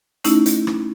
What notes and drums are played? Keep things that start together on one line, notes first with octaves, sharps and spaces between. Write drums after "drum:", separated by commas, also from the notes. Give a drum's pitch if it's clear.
A3 C#4 D#4 E4, drum: hi-hat
drum: hi-hat
drum: rim click